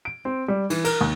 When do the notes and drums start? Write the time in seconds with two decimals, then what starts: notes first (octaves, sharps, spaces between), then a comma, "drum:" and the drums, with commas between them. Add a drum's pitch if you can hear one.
0.05 D7
0.25 C4
0.48 G3
0.70 E3, drum: cymbal
0.85 A#4, drum: cymbal
1.01 D#2